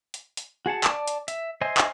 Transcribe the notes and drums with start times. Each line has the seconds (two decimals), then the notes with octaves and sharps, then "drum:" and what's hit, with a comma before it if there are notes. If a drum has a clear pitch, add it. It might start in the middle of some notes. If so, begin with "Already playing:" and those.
0.14 drum: hi-hat
0.37 drum: hi-hat
0.66 F#4 G#4 F#5 A5
0.84 D5 A5, drum: clap
1.08 drum: hi-hat
1.28 E5, drum: hi-hat
1.61 C5 D#5 E5 G#5 C6
1.78 drum: clap